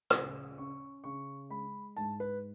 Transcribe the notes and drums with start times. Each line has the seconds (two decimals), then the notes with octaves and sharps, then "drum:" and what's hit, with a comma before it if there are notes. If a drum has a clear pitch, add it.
0.10 C#3 D#6, drum: rim click
0.58 C#4 C#6
1.04 C#3 C#6
1.50 G#3 B5
1.96 G#2 A5
2.20 B4